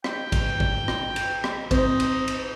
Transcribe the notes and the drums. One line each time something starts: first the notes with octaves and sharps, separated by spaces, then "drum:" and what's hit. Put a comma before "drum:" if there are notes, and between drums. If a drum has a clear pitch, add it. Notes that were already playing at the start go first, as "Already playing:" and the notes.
G5, drum: rim click
drum: kick, cymbal
drum: kick
drum: rim click
drum: cymbal
drum: rim click
C4 D#4, drum: kick, cymbal
drum: cymbal
drum: cymbal